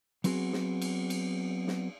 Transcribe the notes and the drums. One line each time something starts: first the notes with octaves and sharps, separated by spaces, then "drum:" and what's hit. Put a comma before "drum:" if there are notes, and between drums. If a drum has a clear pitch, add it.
F#3 B3 C4 F#4 G#4, drum: cymbal
drum: snare
drum: cymbal
drum: cymbal
drum: snare